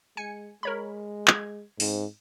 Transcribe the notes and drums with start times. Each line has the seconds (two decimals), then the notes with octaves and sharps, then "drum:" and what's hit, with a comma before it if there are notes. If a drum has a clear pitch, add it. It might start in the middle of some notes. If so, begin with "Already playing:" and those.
0.17 G#3 G#5 C#7
0.63 G#3 A#4 C#5 B5
1.28 G#6, drum: clap
1.80 G#2 C4, drum: open hi-hat